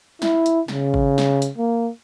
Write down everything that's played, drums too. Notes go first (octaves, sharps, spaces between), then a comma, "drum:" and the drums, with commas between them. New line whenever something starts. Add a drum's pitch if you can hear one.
E4, drum: snare
drum: hi-hat
C#3, drum: snare
drum: kick
drum: snare
drum: hi-hat
A#3